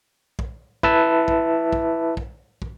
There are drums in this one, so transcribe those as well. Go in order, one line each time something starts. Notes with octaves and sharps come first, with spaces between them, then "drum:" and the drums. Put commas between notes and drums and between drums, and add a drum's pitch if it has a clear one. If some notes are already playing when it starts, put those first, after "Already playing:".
drum: kick
E4 B4 E5 A5, drum: kick
drum: kick
drum: kick
drum: kick
drum: kick